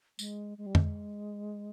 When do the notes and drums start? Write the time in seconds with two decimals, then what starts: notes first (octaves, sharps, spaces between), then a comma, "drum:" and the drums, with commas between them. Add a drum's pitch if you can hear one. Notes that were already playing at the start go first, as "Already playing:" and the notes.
0.19 G#3, drum: tambourine
0.58 G#3
0.66 G3
0.75 G#3, drum: tom F2